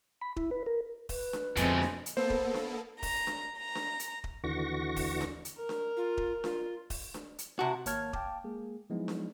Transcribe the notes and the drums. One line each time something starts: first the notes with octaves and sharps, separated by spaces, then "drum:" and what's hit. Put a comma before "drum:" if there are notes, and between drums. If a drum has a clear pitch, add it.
B5
E4, drum: kick D#1
B4
A#4
B4, drum: kick D#1, open hi-hat
drum: snare D4
F2 B2 D3 G#3 A3 C4, drum: hi-hat
drum: snare D4
drum: hi-hat
A#3 B3 A4 C5
drum: kick D#1
drum: snare D4
A#5, drum: kick D#1, open hi-hat
drum: snare D4
A#5
drum: snare D4
drum: hi-hat
drum: kick D#1
D#2 D3 E3 F#4 C#6 A#6
drum: kick D#1, open hi-hat
drum: snare D4
drum: hi-hat
A#4
drum: snare D4
F4
drum: kick D#1
F4, drum: snare D4
drum: kick D#1, open hi-hat
drum: snare D4
drum: hi-hat
C3 F#4 A5
G#1 A#3 C#5 A5 F6 G#6, drum: hi-hat
F5 G5 A5 D6, drum: kick D#1
G#3 A#3 G#4
F3 F#3 G#3 B3 D#4 E4
drum: snare D4